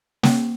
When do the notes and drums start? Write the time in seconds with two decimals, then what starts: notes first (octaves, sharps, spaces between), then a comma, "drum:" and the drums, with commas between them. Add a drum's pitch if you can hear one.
0.23 A#3, drum: snare